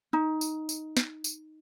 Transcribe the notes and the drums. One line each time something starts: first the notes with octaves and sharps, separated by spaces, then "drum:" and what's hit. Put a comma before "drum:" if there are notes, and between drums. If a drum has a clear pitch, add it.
D#4
drum: tambourine
drum: tambourine
drum: snare
drum: tambourine